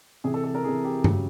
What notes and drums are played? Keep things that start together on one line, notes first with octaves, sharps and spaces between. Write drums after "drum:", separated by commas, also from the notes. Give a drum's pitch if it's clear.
C3 E3 G#4
A4
A4
A#4
C3 E3 G#4
G4
C#3 F#3, drum: tom G2